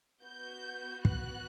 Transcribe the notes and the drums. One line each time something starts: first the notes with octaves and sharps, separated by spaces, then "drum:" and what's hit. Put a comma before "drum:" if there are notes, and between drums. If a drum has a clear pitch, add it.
B3 F#4 G6
F#6, drum: kick